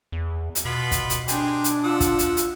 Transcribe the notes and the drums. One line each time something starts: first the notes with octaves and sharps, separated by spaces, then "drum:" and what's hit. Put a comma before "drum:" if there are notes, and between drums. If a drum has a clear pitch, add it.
E2
drum: hi-hat
B2 B3 F4 B5
drum: kick, hi-hat
drum: hi-hat
C4 D4 G4 G#4, drum: hi-hat
drum: hi-hat
F3 F4 F#5 E6
drum: kick, hi-hat
drum: hi-hat
drum: hi-hat